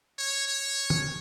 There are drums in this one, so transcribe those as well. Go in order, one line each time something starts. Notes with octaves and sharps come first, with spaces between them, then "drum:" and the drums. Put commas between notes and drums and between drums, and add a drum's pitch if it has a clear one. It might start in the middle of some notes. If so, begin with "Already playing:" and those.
C#5
C#5
drum: tom D3